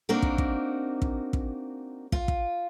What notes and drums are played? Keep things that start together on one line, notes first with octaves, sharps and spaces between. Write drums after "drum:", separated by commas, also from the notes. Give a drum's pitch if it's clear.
A#3 C4 D4 D#4 F#4 A#4
drum: kick
drum: kick
drum: kick
drum: kick
F4, drum: kick
drum: kick